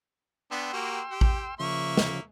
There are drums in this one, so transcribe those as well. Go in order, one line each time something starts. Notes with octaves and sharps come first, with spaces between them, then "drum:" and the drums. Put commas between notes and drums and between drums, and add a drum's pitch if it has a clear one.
B3 D4 G5 C6 E6
A#3 F#4 G4
G4
drum: kick A1
C#3 F3 A#3 E5 C#6
drum: snare